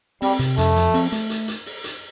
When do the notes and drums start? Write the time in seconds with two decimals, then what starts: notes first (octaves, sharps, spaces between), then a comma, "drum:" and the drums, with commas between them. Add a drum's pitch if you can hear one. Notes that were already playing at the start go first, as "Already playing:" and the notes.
0.22 G3 C4, drum: open hi-hat
0.39 C3, drum: hi-hat
0.57 F2 A3, drum: hi-hat
0.76 F3, drum: hi-hat
0.94 C4, drum: open hi-hat
1.12 A3, drum: hi-hat
1.30 drum: hi-hat
1.48 drum: hi-hat
1.66 drum: open hi-hat
1.84 drum: hi-hat